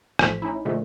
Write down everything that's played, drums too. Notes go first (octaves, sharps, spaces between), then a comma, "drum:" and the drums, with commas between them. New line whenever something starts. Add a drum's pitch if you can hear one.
A1 F3 A3 B6, drum: rim click
C#4 D#4 E4
A#2 D3 F3 G#3 A3